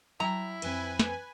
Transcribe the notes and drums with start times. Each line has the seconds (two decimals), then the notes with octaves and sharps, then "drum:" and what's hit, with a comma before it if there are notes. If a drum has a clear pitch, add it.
0.20 F#3 E4 G5 A#5
0.62 F2 C4 B4 G#5, drum: cymbal
0.99 drum: snare